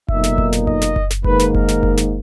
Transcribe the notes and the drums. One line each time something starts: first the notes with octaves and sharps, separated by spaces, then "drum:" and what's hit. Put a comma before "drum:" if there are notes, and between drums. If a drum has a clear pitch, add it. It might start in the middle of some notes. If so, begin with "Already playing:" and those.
B1 A#2 A#3 D#4 E5, drum: kick F#1
drum: snare
drum: kick F#1
drum: snare
D#5, drum: kick F#1
drum: snare
drum: kick F#1
drum: snare
G#2 D#3 A#3 D#4 B4, drum: kick F#1
drum: snare
A#4, drum: kick F#1
drum: snare
drum: kick F#1
drum: snare